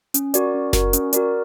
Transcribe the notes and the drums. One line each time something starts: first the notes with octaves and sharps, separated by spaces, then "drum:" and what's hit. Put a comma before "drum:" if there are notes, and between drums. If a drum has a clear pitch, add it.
C#4, drum: hi-hat
F#4 A#4 D5, drum: hi-hat
C#4
F#4 A#4 D5, drum: snare F#1
C#4, drum: hi-hat
F#4 A#4 D5, drum: hi-hat